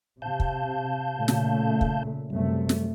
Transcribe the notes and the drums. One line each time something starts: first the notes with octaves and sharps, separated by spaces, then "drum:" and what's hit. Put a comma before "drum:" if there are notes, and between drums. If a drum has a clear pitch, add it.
C3 F5 A5 G6
drum: kick
A#2 C#3 A3
drum: snare
drum: kick
F#2 C3 G3 A3
drum: snare